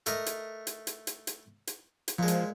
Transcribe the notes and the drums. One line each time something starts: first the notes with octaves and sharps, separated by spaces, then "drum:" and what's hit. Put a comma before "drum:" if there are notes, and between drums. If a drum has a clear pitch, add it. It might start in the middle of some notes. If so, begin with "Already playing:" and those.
A3 A#4 D#5, drum: hi-hat
drum: hi-hat
drum: hi-hat
drum: hi-hat
drum: hi-hat
drum: hi-hat
drum: hi-hat
drum: hi-hat
A#2 F3 G#3
drum: hi-hat